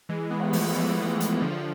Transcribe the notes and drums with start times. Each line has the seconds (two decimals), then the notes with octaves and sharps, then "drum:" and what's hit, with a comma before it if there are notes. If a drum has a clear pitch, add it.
0.09 E3 G#3
0.31 G#3 B3
0.40 drum: cymbal
0.53 F3 A3, drum: open hi-hat
0.75 E3 G#3
1.20 drum: hi-hat
1.42 D3 F3